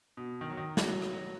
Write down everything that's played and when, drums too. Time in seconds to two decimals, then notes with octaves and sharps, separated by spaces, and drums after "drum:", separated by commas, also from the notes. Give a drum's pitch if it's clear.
0.17 B2
0.41 D#3
0.50 F#3
0.57 D#3
0.77 F#3, drum: snare
1.02 drum: rim click
1.13 F#3